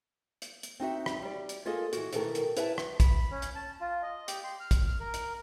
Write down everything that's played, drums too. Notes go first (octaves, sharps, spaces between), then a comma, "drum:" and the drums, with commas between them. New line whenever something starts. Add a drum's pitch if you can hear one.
drum: hi-hat
drum: hi-hat
C4 D#4 F#4 E5
drum: rim click
G3 D5
drum: hi-hat
A#3 F4 G#4 A4 D#5 G#5
E3 F#4, drum: hi-hat
B2 D#3 E3 A3 A4 A#4, drum: hi-hat
drum: hi-hat
E4 B4 E5 F#5 G#5 A5, drum: hi-hat
drum: rim click
B5, drum: kick, hi-hat
C#4
drum: hi-hat
A5
F4
D#5
G4, drum: hi-hat
C6
F6
drum: kick, hi-hat
F6
A#4
drum: hi-hat